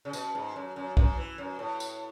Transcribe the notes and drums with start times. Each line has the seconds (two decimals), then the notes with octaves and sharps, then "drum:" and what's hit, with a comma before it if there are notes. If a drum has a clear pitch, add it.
0.05 C#3
0.13 B2, drum: tambourine
0.35 G#2
0.56 F#2
0.76 F#2
0.97 F#2, drum: kick
1.17 E3
1.38 F#2
1.59 A2
1.80 drum: tambourine